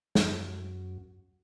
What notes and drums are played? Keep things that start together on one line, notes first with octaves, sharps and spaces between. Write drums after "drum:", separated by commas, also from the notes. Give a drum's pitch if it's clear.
F#2, drum: snare